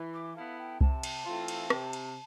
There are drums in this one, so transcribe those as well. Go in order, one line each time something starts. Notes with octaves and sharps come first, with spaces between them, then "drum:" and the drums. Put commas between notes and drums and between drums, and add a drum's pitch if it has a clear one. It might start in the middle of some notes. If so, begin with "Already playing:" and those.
Already playing: E3
D6
B3 E4 A4 F5
G5
C3 A5, drum: kick C2
drum: cymbal
E3 A3 C4 F4
drum: cymbal
C3, drum: rim click
drum: cymbal